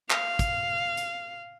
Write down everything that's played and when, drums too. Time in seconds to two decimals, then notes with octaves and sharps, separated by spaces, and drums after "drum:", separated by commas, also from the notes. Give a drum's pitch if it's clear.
0.10 F5, drum: clap
0.39 drum: kick, hi-hat
0.97 drum: hi-hat